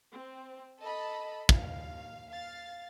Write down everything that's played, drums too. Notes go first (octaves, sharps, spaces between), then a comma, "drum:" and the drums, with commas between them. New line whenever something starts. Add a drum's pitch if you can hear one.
C4
A4 D#5 A5 B5
D#2 F5, drum: kick
F5 A6